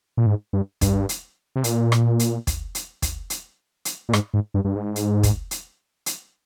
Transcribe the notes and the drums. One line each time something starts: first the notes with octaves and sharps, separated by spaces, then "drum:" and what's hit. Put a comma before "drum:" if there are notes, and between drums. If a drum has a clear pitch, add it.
A#2
G#2
G2
G2, drum: kick, hi-hat
drum: hi-hat
C3
A#2, drum: hi-hat
drum: rim click
drum: hi-hat
drum: kick, hi-hat
drum: hi-hat
drum: kick, hi-hat
drum: hi-hat
drum: hi-hat
A#2
G#2, drum: rim click
G#2
G2
G2
G#2
drum: hi-hat
drum: kick, hi-hat
drum: hi-hat
drum: hi-hat